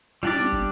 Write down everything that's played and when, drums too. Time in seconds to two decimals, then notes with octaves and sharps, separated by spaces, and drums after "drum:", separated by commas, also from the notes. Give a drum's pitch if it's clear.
0.23 G3 D4 G4 D5, drum: tom
0.52 drum: kick